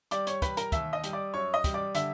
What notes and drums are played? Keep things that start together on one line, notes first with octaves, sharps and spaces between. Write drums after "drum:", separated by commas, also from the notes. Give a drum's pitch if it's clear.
G3 D5 D6, drum: hi-hat
C#5 C#6, drum: hi-hat
G3 B4 B5, drum: kick, hi-hat
A#4 A#5, drum: hi-hat
D#2 E5 E6, drum: kick, hi-hat
D#5 D#6
G3, drum: hi-hat
D5 D6
F#2 C#5 C#6
D#5 D#6
G3, drum: kick, hi-hat
D5 D6
D3 E5 E6, drum: hi-hat